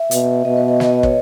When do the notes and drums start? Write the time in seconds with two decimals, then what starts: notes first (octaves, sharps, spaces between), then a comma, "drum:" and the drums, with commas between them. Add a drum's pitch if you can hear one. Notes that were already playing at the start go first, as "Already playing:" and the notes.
Already playing: E5
0.11 B2, drum: hi-hat
0.45 B2 D#5
0.57 B4
0.68 B4
0.80 D#5, drum: snare
0.92 D#5
1.03 C#5, drum: kick